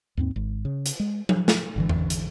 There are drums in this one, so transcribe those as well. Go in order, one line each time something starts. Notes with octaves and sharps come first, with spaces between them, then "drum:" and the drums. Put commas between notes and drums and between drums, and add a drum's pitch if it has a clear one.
D#2 G#2 C4
G#1
C#3
drum: hi-hat
G#3
F3, drum: tom F#3
drum: snare
G#1 D3 E3
drum: tom E2
drum: hi-hat